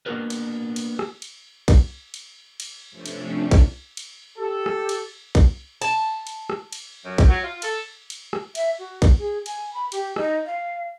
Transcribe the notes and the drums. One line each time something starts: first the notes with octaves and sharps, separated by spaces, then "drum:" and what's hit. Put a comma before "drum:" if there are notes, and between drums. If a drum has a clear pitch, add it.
A#3 B3 D4 F#4 A#4 B4
drum: cymbal
drum: cymbal
drum: rim click
drum: cymbal
drum: kick A#1, cymbal
drum: cymbal
drum: cymbal
G2 C3 F3 A3 C#4 D4
drum: cymbal
drum: kick A#1, cymbal
drum: cymbal
G4 A4
drum: rim click
drum: cymbal
drum: kick A#1, cymbal
A5, drum: cymbal
drum: cymbal
drum: rim click
drum: cymbal
F#2
drum: kick A#1, cymbal
F#3
F4
A4, drum: cymbal
drum: cymbal
drum: rim click
E5, drum: cymbal
F#4
drum: kick A#1, cymbal
G#4
G#5, drum: cymbal
B5
G4, drum: cymbal
D#4, drum: rim click
F5